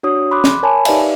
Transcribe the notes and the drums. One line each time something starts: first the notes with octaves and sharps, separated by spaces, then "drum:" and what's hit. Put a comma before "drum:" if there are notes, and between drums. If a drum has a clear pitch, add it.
D4 F#4 C#5 D#6
B5 C6 D6 F#6
drum: snare
A#4 C#5 G#5 A5 B5
D#4 G4 B4 D5 E5 F5, drum: cymbal